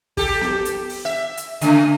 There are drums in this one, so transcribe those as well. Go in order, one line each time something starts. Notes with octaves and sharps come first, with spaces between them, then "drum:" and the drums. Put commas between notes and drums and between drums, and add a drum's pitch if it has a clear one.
G4 A4, drum: kick, open hi-hat
drum: snare B3
drum: hi-hat
drum: open hi-hat
E5
drum: hi-hat
C#3 A3, drum: hi-hat